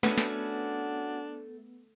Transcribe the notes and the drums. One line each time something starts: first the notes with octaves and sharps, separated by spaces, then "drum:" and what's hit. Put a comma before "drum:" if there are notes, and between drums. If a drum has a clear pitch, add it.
A3 B3 C#4 D4 F#4 B4, drum: snare
drum: snare